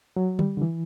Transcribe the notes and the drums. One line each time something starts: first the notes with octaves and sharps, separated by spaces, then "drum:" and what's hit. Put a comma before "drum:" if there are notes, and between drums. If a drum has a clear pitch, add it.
F#3
G3, drum: tom D3
D3
E3